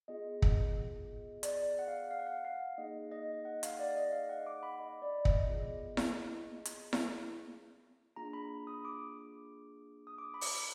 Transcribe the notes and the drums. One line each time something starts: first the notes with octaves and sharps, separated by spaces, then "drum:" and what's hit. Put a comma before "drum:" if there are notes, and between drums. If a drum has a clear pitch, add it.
B3 F4 G#4 D#5
drum: kick
D5, drum: hi-hat
F#5
F5
F5
F#5
F5
F5
A#3 D#4 G#4 D#5
D#5
F#5
F5, drum: hi-hat
D5
D#5
F5
F#5
D6
B5
D#5
D5
D#5, drum: kick
B3 F4 G#4
drum: snare E4
drum: hi-hat
drum: snare E4
A#3 D4 F4 G#4 A#5
B5
D#6
D6
D#6
D6
B5
D6, drum: open hi-hat